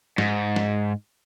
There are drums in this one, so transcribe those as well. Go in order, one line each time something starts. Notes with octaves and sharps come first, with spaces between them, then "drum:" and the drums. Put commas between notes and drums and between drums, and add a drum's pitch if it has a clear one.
G#2, drum: snare
drum: snare